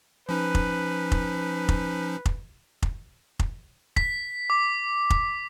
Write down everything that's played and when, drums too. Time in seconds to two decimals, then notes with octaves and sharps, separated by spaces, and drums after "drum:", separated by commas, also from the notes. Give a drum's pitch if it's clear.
0.29 F3 C#4 D#4 B4
0.55 drum: kick F1
1.12 drum: kick F1
1.69 drum: kick F1
2.26 drum: kick F1
2.82 drum: kick F1
3.39 drum: kick F1
3.96 B6, drum: kick F1
4.50 D6
5.10 drum: kick F1